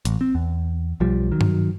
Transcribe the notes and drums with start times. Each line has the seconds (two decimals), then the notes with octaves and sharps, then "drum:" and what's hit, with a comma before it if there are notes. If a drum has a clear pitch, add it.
0.05 A1, drum: hi-hat
0.21 C4
0.35 E2
1.00 B1 F3 G3
1.32 D#3 F#3
1.41 drum: tom G2